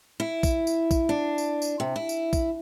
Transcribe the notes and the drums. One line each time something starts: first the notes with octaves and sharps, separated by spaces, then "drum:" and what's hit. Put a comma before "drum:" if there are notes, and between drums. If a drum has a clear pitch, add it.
E4
drum: kick A#1, tambourine
drum: tambourine
drum: kick A#1, tambourine
D4
drum: tambourine
drum: tambourine
C3
E4
drum: tambourine
drum: kick A#1, tambourine